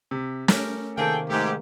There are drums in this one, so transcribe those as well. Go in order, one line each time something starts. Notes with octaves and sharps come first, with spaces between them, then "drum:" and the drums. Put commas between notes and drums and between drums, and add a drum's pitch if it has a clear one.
C3
A3 C#4 G4 A#4, drum: snare
C3 D#3 A#3 G#4 A4 G5
G#2 A3 G4